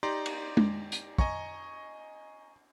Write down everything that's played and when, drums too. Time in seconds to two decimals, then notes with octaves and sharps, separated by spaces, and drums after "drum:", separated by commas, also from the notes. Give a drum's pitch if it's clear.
0.03 D#4 G4 D5 A#5 C6
0.26 drum: cymbal
0.57 drum: tom G#3
0.92 drum: hi-hat
1.18 D#5 G#5 A#5 C#6, drum: kick